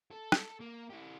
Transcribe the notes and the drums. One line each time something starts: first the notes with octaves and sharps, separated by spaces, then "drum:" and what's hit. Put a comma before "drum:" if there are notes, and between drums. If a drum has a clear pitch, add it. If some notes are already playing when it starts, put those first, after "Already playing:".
A4
drum: rim click
A#3
E4 G4